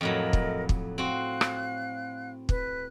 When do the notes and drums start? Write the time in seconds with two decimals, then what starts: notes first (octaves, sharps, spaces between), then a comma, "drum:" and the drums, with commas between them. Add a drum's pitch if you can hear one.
0.01 F2 A2 F#3 A#4 D#5
0.33 drum: kick
0.69 drum: kick
0.98 C4 F#4 F5 F#6
1.41 drum: rim click
2.49 B4 F#6, drum: kick